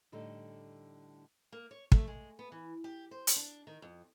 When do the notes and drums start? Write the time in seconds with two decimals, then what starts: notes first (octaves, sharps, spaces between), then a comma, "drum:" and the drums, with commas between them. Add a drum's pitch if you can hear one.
0.12 A2 D3 G3 D#4 A4
1.52 A#3
1.71 C#5
1.92 A3, drum: kick
2.08 G#3
2.39 B3
2.52 E3
2.84 G4
3.11 C5
3.27 drum: hi-hat
3.36 D4
3.67 D#3
3.82 F2